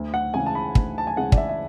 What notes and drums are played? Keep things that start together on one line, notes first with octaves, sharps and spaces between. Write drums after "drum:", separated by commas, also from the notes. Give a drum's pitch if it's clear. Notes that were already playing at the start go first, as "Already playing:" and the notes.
Already playing: D2
F#5
C#3 E3 G#3 G#5
A5
B5
D2, drum: kick
A5
G#5
C#3 E3 G#3 F#5
D5, drum: kick
E5
E5